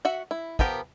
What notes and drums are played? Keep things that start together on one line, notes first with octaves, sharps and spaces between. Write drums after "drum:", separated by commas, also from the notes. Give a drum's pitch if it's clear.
F#4 E5 F#5
E4
F3 B3 G4 A#4, drum: kick